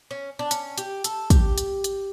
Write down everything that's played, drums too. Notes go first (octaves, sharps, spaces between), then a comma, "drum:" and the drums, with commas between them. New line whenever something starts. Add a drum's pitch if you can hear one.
C#4
D4
C#4, drum: hi-hat
G4, drum: hi-hat
A4, drum: hi-hat
G4, drum: kick, hi-hat
drum: hi-hat
drum: hi-hat